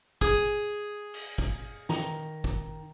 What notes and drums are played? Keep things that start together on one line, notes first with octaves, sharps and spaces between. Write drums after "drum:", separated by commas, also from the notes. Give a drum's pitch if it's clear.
G#4, drum: kick
drum: cymbal
drum: kick
D#3 A#5 F7, drum: snare
drum: kick